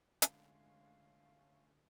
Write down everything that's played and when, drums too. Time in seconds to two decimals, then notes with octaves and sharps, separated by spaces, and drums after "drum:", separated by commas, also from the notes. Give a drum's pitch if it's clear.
0.22 D3 G#3 A3 C#4 F4 F5, drum: hi-hat